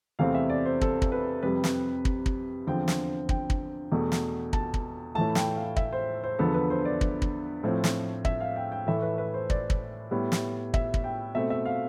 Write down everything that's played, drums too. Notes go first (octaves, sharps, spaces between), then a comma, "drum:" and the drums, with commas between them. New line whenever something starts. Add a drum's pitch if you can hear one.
E2 C3 E3 A3 C4 F5
E5
D5
C5
A4, drum: kick
drum: kick
B4
F2 C3 G3 B4
drum: snare
drum: kick
drum: kick
E2 D3 F3 C4 G5
drum: snare
G5, drum: kick
drum: kick
E2 B2 A3
drum: snare
A5, drum: kick
drum: kick
A2 E3 A3 A5
G5, drum: snare
F5
E5, drum: kick
C5
C5
E2 D3 F3 B3 A4
B4
C5
D5
drum: kick
drum: kick
A2 F3 A3 C4
drum: snare
E5, drum: kick
F5
G5
G5
A2 E3 A3 E5
B4
B4
C5
D5, drum: kick
drum: kick
A2 G3 B3
drum: snare
E5, drum: kick
drum: kick
G5
B2 A3 C4 E5
E5
F5